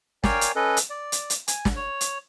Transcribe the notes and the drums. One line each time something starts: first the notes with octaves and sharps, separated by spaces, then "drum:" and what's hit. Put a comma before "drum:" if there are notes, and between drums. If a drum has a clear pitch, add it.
A#4 C#5 D5 F5 G5 G#5, drum: snare
drum: hi-hat
C#4 A4 B4 D#5
drum: hi-hat
D5
drum: hi-hat
drum: hi-hat
G#5, drum: hi-hat
drum: snare
C#5
drum: hi-hat